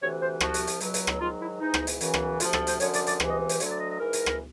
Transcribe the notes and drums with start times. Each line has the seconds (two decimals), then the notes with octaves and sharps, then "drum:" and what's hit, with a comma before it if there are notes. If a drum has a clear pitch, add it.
0.01 D2 C3 E3 C#5
0.21 C5
0.40 C2 C3 F3 F#4, drum: rim click
0.54 drum: hi-hat
0.67 drum: hi-hat
0.81 C#2 B2 F#3, drum: hi-hat
0.94 drum: hi-hat
1.07 drum: rim click
1.20 G#2 D#3 F#3 F4
1.41 E4
1.60 G#2 E3 D#4
1.74 drum: rim click
1.87 drum: hi-hat
2.01 F#2 C#3 E3, drum: hi-hat
2.14 drum: rim click
2.40 D2 C3 F3 F4, drum: hi-hat
2.53 A4, drum: rim click
2.67 C5, drum: hi-hat
2.80 F#2 D3 F3 C#5, drum: hi-hat
2.94 D5, drum: hi-hat
3.07 D5, drum: hi-hat
3.20 C#2 C3 E3, drum: rim click
3.30 D#5
3.49 C5, drum: hi-hat
3.60 D2 D3 F#3 C#5, drum: hi-hat
3.70 D5
3.80 D#5
3.90 D#5
4.00 G#2 E3 A#4
4.13 drum: hi-hat
4.26 drum: rim click